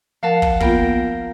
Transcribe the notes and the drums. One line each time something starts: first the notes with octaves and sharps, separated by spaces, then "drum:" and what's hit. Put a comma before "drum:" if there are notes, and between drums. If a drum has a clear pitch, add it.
F3 A#4 F5 F#5 A5
drum: kick
A#3 B3 F4 A#4 G5, drum: kick